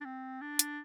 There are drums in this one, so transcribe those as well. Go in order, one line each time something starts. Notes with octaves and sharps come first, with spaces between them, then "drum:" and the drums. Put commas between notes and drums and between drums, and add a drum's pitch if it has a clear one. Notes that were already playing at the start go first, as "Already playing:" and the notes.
D4
C4
D4
drum: hi-hat